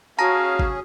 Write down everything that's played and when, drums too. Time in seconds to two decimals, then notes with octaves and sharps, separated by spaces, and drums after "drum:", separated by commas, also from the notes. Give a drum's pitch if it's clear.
0.19 C#4 F#4 G#4 F5 A5 A#5 A#6
0.59 drum: kick